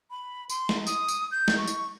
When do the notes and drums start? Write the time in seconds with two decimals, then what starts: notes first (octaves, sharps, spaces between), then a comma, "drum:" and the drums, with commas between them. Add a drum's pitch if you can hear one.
0.11 B5
0.49 C6, drum: tambourine
0.69 drum: snare
0.87 D#6, drum: tambourine
1.08 drum: tambourine
1.31 G6
1.48 drum: snare
1.58 C#6
1.67 drum: tambourine